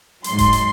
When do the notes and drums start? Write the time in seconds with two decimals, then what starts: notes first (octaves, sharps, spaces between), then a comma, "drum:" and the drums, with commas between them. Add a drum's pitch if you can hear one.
0.24 G#2 F#3 C6, drum: hi-hat
0.38 drum: kick E1, hi-hat
0.53 drum: hi-hat